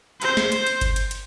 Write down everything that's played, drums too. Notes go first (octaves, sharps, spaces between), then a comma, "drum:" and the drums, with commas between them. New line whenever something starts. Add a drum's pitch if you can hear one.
C5, drum: hi-hat
drum: snare
drum: hi-hat
drum: hi-hat
drum: kick G1, hi-hat
drum: hi-hat
drum: hi-hat